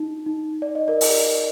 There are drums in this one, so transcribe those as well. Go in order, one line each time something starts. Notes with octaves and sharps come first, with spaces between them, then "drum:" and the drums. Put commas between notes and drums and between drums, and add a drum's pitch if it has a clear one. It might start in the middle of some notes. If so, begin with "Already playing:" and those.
Already playing: D#4
D#4
D5
D#5
A#4 D5
drum: open hi-hat